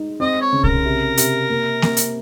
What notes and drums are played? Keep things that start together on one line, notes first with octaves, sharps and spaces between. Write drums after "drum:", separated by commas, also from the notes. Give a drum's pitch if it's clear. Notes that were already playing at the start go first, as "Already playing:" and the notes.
Already playing: G#3 D#4
C4 D#5
C#5
C#3
A#4, drum: kick
C3
C3, drum: hi-hat
A#3
A#3, drum: snare A#3
drum: hi-hat